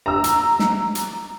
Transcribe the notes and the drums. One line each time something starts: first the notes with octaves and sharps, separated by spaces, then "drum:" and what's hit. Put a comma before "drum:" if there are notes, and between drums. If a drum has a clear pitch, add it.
A#5 E6
drum: hi-hat
drum: snare
drum: hi-hat